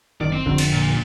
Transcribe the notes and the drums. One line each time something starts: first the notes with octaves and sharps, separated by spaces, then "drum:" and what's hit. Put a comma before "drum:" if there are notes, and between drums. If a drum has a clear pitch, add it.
F#1 D#3 D5
C4
F1 D3
drum: cymbal
A#2